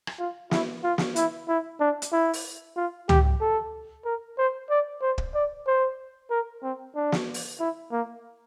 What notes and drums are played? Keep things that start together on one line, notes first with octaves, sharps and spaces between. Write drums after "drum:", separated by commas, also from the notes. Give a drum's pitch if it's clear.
drum: rim click
F4
E4, drum: snare
F4
drum: snare
E4, drum: hi-hat
E4
D4
drum: hi-hat
E4
drum: open hi-hat
F4
G4, drum: tom C#2
A4
A#4
C5
D5
C5
drum: kick
D5
C5
A#4
C4
D4
drum: snare
drum: open hi-hat
E4
A#3